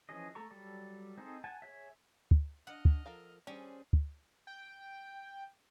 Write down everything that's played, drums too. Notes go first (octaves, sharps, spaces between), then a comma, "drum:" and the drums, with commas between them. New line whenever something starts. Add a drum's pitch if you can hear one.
E3 F3 C#4 G#4 D#5
A3 A4 A#5 C#6
F#3 G3 A4 D5
C4 D#4 G#4 A4 C5
F#5 G#5 A5
G#4 C#5 E5
drum: kick
D4 D#5 F#5 F6
drum: kick
F3 A4 A#4 F5
G3 C#4 D4 G#4 C5 G5
drum: kick
G5